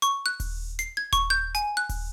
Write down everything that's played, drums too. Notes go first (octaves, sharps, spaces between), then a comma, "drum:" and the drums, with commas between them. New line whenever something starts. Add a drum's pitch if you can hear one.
C#6, drum: hi-hat
F#6
drum: kick D#1, open hi-hat
C7, drum: hi-hat
G#6
C#6, drum: kick D#1, hi-hat
G6
G#5, drum: hi-hat
F#6
drum: kick D#1, open hi-hat